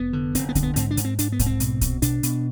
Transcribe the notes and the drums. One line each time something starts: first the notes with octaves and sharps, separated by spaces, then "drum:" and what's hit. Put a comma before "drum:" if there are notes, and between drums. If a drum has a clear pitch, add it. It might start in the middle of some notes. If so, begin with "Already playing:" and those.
Already playing: F1 B3
D3
F1 C4, drum: hi-hat
B3
D3 C4, drum: kick, hi-hat
B3
G#2 C4, drum: hi-hat
D4
G#2, drum: hi-hat
C4
G#2 D4, drum: hi-hat
B3
G#2, drum: kick, hi-hat
C4
B2, drum: hi-hat
B2, drum: kick, hi-hat
B2 D4, drum: hi-hat
B2, drum: hi-hat